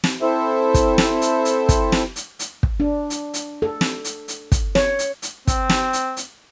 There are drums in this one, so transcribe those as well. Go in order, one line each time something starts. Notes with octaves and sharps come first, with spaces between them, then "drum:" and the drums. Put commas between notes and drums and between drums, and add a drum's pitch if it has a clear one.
drum: snare
C4 E4 A4 C5 E5
drum: kick, hi-hat
drum: snare
drum: hi-hat
drum: hi-hat
drum: kick, hi-hat
drum: snare
drum: hi-hat
drum: hi-hat
drum: kick
D4
drum: hi-hat
drum: hi-hat
A4
drum: snare
drum: hi-hat
drum: hi-hat
drum: kick, hi-hat
C#5, drum: snare
drum: hi-hat
drum: hi-hat
C4, drum: kick, hi-hat
drum: snare
drum: hi-hat
drum: hi-hat